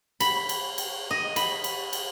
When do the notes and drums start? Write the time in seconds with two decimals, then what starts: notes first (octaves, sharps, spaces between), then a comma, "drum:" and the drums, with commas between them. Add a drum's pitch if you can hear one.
0.20 B5, drum: cymbal
0.49 drum: cymbal
0.78 drum: cymbal
1.11 D#5
1.36 B5, drum: cymbal
1.64 drum: cymbal
1.93 drum: cymbal